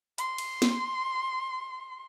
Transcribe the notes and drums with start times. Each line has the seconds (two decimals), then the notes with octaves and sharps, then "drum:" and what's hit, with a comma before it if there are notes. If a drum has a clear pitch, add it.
0.18 C6, drum: hi-hat
0.38 drum: cymbal
0.62 drum: snare